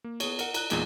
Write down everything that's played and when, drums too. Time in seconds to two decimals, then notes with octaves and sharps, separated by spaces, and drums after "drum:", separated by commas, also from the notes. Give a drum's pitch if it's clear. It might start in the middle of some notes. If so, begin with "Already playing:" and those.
0.04 A#3
0.20 B3 G#4 C#5, drum: cymbal
0.39 A#4 F#5, drum: cymbal
0.54 A#5 F#6, drum: cymbal
0.70 E2 A#2 G#3 D#4 G#4 D7, drum: cymbal